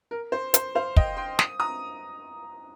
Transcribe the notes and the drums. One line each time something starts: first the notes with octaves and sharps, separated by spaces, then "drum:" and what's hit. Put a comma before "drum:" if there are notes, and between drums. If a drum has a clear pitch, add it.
A#4
C5
C5, drum: hi-hat
C5 F5
D#5 G5, drum: kick
G5 C6
D#6, drum: snare
A#5 D#6